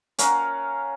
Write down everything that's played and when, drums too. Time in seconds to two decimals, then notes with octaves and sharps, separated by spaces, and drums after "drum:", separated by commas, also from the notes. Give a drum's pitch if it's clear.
0.19 C#4 A#4 F5 F#5, drum: hi-hat